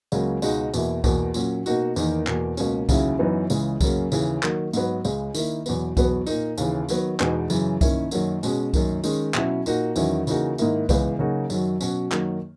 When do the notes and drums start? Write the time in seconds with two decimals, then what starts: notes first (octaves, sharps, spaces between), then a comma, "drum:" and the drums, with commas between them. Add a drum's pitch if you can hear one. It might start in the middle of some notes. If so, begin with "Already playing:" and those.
0.12 C#2 C#3 F#3 A#3 C#4, drum: tambourine
0.42 C#2 B2 G#3 D#4 F#4, drum: tambourine
0.74 E2 B2 A#3 E4, drum: tambourine
1.04 E2 B2 A#3, drum: kick C2, tambourine
1.34 A#2 F#3 C#4, drum: tambourine
1.66 B2 A#3 D#4 F#4, drum: tambourine
1.96 E2 D#3 A#3 D#4, drum: tambourine
2.27 E2 B2 A#3, drum: clap
2.57 C#2 B2 A#3 C#4, drum: tambourine
2.89 D#2 C#3 F#3 C#4 E4, drum: kick C2, tambourine
3.19 F#2 E3 B3 D#4
3.50 C#2 C#3 E3 G#3, drum: tambourine
3.81 F#2 C#3 F#3 A#3 C#4, drum: kick C2, tambourine
4.12 D#2 C#3 E3, drum: tambourine
4.43 D#3 F#3 A#3, drum: clap
4.73 G#2 F#3 B3, drum: tambourine
5.05 C#2 C#3 G#3, drum: tambourine
5.35 D#3 A#3 E4, drum: tambourine
5.66 E2 B2 F#3 B3, drum: tambourine
5.97 E2 B2 F#3 B3, drum: kick C2, tambourine
6.27 A#2 A#3 D#4, drum: tambourine
6.58 D#2 C#3 E3, drum: tambourine
6.89 D#3 F#3 B3, drum: tambourine
7.20 E2 B2 G#3 B3 D#4, drum: clap
7.50 F#2 C#3 E3, drum: tambourine
7.81 D#3 A#3 C#4 E4, drum: kick C2, tambourine
8.11 F#2 D#3 F#3 A#3, drum: tambourine
8.43 B2 G#3 C#4, drum: tambourine
8.74 F#2 D#3 A#3, drum: kick C2, tambourine
9.04 D#3 G#3 C#4, drum: tambourine
9.34 B2 F#3 C#4 E4, drum: clap
9.66 A#2 A#3 D#4 F#4, drum: tambourine
9.96 E2 D#3 F#3 C#4 E4, drum: tambourine
10.27 C#3 E3 A#3 D#4 F#4, drum: tambourine
10.58 G#2 D#3 A#3 E4, drum: tambourine
10.89 C#2 C#3 E3 B3, drum: kick C2, tambourine
11.19 C#3 F#3 A#3 D#4 F#4
11.50 F#2 D#3 F#3, drum: tambourine
11.81 B2 F#3 C#4 F#4, drum: tambourine
12.12 F#2 D#3 F#3 A#3, drum: clap